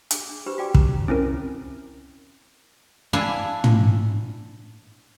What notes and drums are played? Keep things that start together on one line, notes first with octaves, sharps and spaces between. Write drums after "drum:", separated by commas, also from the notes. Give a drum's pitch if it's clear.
D4 G#4, drum: hi-hat
D4
D4 E4 G4 B4 C5 B5
F#4 G4 D5 G5 G#5 D6
A#5, drum: kick
C4 C#4 E4 A#4
D4 E4 F5 G#5 A5
drum: tom